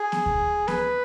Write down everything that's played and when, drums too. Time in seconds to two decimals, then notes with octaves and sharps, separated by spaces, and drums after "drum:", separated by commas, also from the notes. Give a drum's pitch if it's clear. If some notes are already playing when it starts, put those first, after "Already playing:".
Already playing: G#4
0.12 drum: snare B3
0.26 drum: kick D2
0.68 B4, drum: snare B3